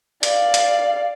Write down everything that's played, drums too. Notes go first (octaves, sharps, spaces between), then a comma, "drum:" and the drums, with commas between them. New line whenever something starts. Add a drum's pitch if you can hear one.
D5 F5, drum: hi-hat
drum: hi-hat